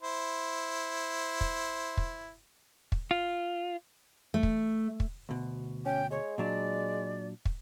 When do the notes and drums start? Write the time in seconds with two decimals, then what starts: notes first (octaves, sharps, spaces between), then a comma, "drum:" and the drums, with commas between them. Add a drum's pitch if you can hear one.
0.03 E4 C5
1.41 drum: kick
1.97 drum: kick
2.92 drum: kick
3.11 F4
4.34 A3
4.43 drum: kick
5.00 drum: kick
5.29 D2 B2
5.85 C#4 G5
6.11 G#3 C#5
6.38 A#2 F#3 D4 D5
7.45 drum: kick